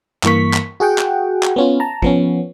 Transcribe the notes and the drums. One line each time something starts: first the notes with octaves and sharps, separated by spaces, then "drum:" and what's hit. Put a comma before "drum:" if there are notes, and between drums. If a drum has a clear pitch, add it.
G2 E3 A#3 C#6 B6, drum: clap
drum: clap
F#4 G#4 F#5 G5
drum: clap
drum: clap
B3 C#4 F4
A5 A#5
F3 B3 C#4, drum: kick